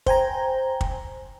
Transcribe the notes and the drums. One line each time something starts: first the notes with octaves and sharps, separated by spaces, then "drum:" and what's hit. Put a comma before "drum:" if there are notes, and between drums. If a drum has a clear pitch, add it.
C5 G5 G#5 A#5, drum: kick
drum: kick